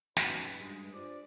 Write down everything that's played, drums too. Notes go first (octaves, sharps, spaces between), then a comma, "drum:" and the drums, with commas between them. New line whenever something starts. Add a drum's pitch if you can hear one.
A#1 F#2 D#4 F#4 B4, drum: snare
G2 G#3
D4 F4 C5 D5